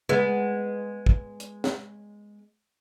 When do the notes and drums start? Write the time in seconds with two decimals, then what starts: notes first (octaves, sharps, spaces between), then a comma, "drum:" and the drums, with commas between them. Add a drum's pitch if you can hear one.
0.09 G#3 B3, drum: tom
1.06 drum: kick
1.40 drum: hi-hat
1.64 drum: snare